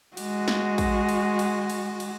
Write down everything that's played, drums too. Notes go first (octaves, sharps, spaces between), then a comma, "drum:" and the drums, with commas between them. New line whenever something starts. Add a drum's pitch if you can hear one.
G#3 F#4, drum: cymbal
drum: snare
drum: kick, cymbal
drum: cymbal
drum: cymbal
drum: cymbal
drum: cymbal